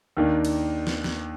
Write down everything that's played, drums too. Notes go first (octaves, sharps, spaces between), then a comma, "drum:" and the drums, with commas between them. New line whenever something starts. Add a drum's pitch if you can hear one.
D#2 D#3 A#3 D4
drum: cymbal
drum: snare
drum: snare